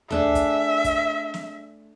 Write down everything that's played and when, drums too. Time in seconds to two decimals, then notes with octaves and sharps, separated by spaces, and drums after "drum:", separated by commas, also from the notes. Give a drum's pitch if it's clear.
0.10 A3 D4 G#4 E5, drum: tom D2
0.35 drum: kick, hi-hat
0.84 drum: kick, hi-hat
1.34 drum: snare